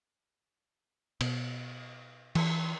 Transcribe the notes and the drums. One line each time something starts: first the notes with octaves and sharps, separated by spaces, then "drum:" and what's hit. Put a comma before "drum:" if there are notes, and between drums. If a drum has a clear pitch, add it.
B2, drum: cymbal
E3, drum: cymbal